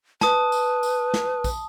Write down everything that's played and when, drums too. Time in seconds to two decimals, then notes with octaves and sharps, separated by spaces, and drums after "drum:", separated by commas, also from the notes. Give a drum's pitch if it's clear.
0.21 B4 A5 D#6, drum: snare
0.52 drum: tambourine
0.83 drum: tambourine
1.14 drum: snare
1.44 drum: kick A#1, tambourine